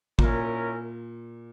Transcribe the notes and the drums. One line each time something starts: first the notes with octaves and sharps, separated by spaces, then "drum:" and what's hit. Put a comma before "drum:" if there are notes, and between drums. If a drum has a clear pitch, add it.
A#2 C#4 E4 A#4, drum: kick